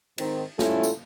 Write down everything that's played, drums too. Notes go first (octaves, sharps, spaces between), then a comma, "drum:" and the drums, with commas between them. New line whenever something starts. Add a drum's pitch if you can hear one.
G#2 D#3 C4 D#4, drum: cymbal
G3 A3 C#4 E4 F4 A4, drum: snare
drum: tambourine